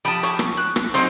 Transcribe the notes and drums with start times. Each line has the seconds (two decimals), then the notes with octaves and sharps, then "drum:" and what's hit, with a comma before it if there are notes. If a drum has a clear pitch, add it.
0.05 F3 G4 A5 B5 D#6
0.23 C#5, drum: hi-hat
0.39 drum: rim click
0.57 F#6
0.76 drum: rim click
0.94 F#3 C4 D#4 C5, drum: hi-hat